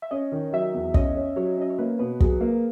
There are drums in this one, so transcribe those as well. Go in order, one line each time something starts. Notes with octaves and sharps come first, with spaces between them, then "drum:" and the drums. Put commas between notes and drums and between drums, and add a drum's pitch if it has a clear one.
E5
C#4 D#5
D#3
F#3 E5
E2
C#4 D#5, drum: kick
C#4
F#3 C#5
C#4 D#5
C#5
A#3 B4
B2 B4
F#3 G#4, drum: kick
A#3 A#4